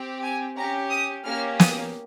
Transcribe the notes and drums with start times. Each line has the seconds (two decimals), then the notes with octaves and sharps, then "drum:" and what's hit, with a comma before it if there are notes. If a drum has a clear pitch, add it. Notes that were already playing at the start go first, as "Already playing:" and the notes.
Already playing: C4 G4
0.23 G#5
0.57 C#4 G4 A#5
0.91 D#6
1.25 A#3 C#4 G4 F6
1.60 D#6, drum: snare